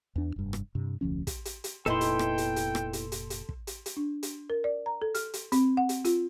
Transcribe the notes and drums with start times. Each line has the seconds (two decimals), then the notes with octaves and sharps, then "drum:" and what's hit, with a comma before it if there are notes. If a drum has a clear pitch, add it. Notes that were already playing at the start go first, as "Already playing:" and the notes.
0.16 E2 D4
0.36 F1 G2
0.53 drum: rim click
0.75 G2 C3
1.01 F1 D2 F3 C#4
1.27 drum: kick, hi-hat
1.45 drum: hi-hat
1.64 drum: hi-hat
1.86 F1 A#2 B3 D#4 E4 A4 G5 C6
2.01 drum: hi-hat
2.19 drum: rim click
2.38 drum: hi-hat
2.56 drum: hi-hat
2.75 drum: rim click
2.93 drum: hi-hat
3.12 drum: hi-hat
3.30 drum: hi-hat
3.49 drum: kick
3.67 drum: hi-hat
3.86 drum: hi-hat
3.97 D4
4.23 drum: hi-hat
4.50 A#4
4.64 D5
4.86 A#5
5.02 A4
5.15 F6, drum: hi-hat
5.34 drum: hi-hat
5.52 C4, drum: hi-hat
5.77 F#5
5.89 drum: hi-hat
6.05 F4, drum: hi-hat